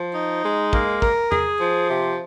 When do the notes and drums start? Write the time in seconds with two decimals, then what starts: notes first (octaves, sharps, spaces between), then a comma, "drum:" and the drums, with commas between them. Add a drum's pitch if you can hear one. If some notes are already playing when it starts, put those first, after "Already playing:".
Already playing: F3
0.14 D#4
0.44 G#3
0.73 A#3, drum: kick
1.02 A#4, drum: kick
1.32 G#4, drum: tom E2
1.60 F3
1.90 C3